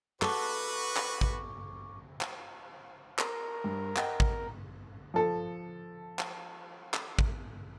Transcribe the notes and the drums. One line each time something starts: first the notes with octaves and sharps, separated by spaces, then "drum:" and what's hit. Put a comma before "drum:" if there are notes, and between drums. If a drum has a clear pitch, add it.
F#4 A4 B4 C#6 D6, drum: clap
drum: clap
drum: kick
drum: clap
A#4, drum: clap
G2
D#5 F#5 G5, drum: clap
drum: kick
F3 A4
drum: clap
drum: clap
drum: kick